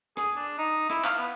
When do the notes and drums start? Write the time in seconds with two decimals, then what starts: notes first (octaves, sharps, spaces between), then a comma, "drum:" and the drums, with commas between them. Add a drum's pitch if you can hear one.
0.17 G#4, drum: rim click
0.36 D4
0.58 D#4
0.90 E4, drum: rim click
1.04 F5, drum: clap
1.18 B3